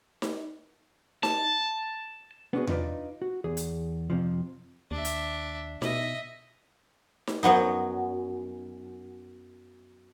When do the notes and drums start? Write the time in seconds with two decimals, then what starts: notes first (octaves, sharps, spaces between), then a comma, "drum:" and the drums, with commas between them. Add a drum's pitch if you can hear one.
0.22 drum: snare D#4
1.23 A5, drum: snare D#4
2.53 B3 C#4 D4 F4 F#4 G#4
2.67 D4 D#4 F4 B4 D5, drum: tom E2
3.22 F#4
3.44 E2 G#4
3.57 drum: hi-hat
4.10 F2 C3 F3
4.91 D#2 D4 E5
5.05 drum: hi-hat
5.82 B2 D#5 E5, drum: snare D#4
7.27 drum: snare D#4
7.43 F#2 F#3 B3 D#4